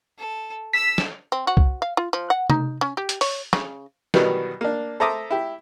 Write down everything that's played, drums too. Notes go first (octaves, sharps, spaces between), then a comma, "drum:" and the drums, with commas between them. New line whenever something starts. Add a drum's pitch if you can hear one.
A4
E6 B6
drum: snare
C4
F#4
drum: kick C2
F5
F4
F3
F#5
D#4, drum: tom C3
C#4
G4
drum: hi-hat
C#5, drum: open hi-hat
C#3, drum: snare
B2 D#3 E3 F#3 G3 B3, drum: snare
A#3 D4
A4 C5 E5 A#5 D6 D#6
E4 G4